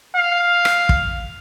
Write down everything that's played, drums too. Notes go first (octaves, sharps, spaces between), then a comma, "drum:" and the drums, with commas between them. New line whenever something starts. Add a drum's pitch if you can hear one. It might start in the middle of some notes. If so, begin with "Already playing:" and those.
F5
drum: rim click
drum: kick